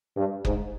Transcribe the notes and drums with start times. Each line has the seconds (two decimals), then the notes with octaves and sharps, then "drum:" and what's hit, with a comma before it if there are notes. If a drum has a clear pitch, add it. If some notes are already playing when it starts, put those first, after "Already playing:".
0.16 G2
0.45 G#2, drum: kick F#1